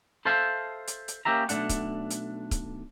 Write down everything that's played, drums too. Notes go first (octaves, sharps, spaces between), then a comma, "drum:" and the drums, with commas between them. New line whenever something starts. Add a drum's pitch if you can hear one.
A4 C5 E5 F5 A5
drum: hi-hat
drum: hi-hat
A#3 C#4 G4 E5 A#5
B1 F3 A3 D4 F#5, drum: hi-hat
drum: kick C#1, hi-hat
drum: hi-hat
drum: kick C#1, hi-hat